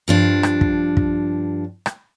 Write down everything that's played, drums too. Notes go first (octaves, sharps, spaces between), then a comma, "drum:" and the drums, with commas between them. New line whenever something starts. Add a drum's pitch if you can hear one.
G2 F3 D4
drum: rim click
drum: kick
drum: kick
drum: rim click